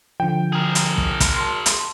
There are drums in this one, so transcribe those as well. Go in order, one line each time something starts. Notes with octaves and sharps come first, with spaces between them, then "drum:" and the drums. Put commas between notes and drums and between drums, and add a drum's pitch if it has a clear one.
D3 F3 G5
G#4 A#4
drum: hi-hat
drum: kick
drum: kick, hi-hat
A5 C6
drum: hi-hat